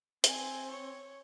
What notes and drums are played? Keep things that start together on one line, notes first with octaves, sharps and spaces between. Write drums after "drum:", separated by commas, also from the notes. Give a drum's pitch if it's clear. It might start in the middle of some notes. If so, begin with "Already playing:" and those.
C4 G#5, drum: hi-hat
C#5